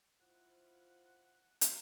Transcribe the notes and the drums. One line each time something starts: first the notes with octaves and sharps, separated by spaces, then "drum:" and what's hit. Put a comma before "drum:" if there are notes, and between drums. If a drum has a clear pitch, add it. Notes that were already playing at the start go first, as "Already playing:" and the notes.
E4 F4 C5 F#5
drum: hi-hat